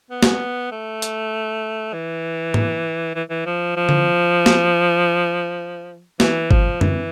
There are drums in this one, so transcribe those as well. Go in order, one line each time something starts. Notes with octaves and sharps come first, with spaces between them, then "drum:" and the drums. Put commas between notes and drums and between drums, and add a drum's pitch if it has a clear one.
B3
drum: snare
A3
drum: hi-hat
E3
drum: tom
E3
E3
F3
F3
drum: tom D3
drum: snare
E3, drum: snare
F3, drum: kick G1
E3, drum: tom